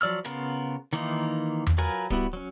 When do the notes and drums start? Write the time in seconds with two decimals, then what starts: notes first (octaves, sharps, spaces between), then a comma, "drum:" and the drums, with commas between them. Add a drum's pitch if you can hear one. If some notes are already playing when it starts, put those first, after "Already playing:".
0.01 F3 F#3 D5 E6 F6
0.25 C#3 B3 F4 A#4, drum: hi-hat
0.93 D#3 E3 A#3 D#4 F4, drum: hi-hat
1.67 drum: tom E2
1.78 F#3 F4 A#4 B4 G#5
2.10 G3 B3 E4 F#4, drum: kick D1
2.33 F#3 C#4